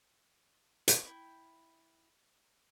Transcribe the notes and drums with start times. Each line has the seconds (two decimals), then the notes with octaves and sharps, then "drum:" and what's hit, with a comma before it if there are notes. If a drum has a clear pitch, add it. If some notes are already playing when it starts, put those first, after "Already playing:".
0.88 drum: hi-hat
1.05 E4 G5